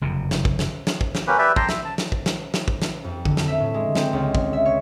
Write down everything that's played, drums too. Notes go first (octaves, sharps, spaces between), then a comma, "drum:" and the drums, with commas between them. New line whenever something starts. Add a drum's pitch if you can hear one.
F#1 F2 C3
drum: snare
drum: kick
drum: snare
drum: snare
drum: kick
drum: snare
A#3 C#4 G4 B4
G4 B4 D5 E5
G5 A5 A#5 C6, drum: kick
E5, drum: snare
A5
drum: snare
drum: kick
drum: snare
drum: snare
drum: kick
drum: snare
F2
D3, drum: kick
drum: snare
E5
A2
G#3
C4, drum: snare
C#2
drum: kick
E5
C#5